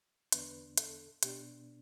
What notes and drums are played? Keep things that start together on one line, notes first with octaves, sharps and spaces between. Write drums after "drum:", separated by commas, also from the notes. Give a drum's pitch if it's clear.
E2 D3 B3 D4 B4, drum: hi-hat
A4, drum: hi-hat
B2 B3 D4 G4, drum: hi-hat